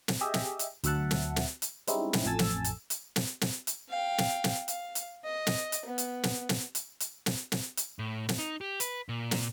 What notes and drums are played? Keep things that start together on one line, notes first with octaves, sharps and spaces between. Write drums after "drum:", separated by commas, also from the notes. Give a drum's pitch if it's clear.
drum: snare
G4 G#4 D#5 E5
drum: snare
drum: hi-hat
D2 F#3 E5 F#5 A5, drum: hi-hat
drum: snare
drum: snare
drum: hi-hat
G3 G#3 C4 C#4 D#4 E4, drum: hi-hat
drum: snare
A1 F2 A4 G#5 E6 A6
drum: snare
drum: hi-hat
drum: hi-hat
drum: snare
drum: snare
drum: hi-hat
F5 G5
drum: snare
drum: snare
F5, drum: hi-hat
drum: hi-hat
D#5
drum: snare
drum: hi-hat
B3
drum: hi-hat
drum: snare
drum: snare
drum: hi-hat
drum: hi-hat
drum: snare
drum: snare
drum: hi-hat
A2
drum: snare
D#4
G4
B4, drum: hi-hat
A#2
drum: snare